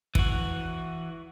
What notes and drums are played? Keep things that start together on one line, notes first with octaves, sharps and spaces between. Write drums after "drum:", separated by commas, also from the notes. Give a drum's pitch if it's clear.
E3 F#4, drum: kick